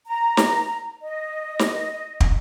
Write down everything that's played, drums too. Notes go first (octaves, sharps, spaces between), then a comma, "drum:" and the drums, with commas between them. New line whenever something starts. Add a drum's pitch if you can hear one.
A#5
drum: snare
D#5
drum: snare
drum: kick